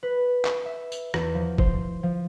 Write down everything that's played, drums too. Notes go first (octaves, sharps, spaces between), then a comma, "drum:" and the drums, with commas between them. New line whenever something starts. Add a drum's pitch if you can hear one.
B4
drum: clap
E5
drum: tambourine
E2, drum: rim click
F3
C5, drum: kick
F3